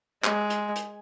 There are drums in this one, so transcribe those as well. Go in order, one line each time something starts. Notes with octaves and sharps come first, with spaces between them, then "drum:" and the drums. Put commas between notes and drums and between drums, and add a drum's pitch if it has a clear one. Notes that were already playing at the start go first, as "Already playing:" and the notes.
G#3, drum: clap
drum: hi-hat
drum: hi-hat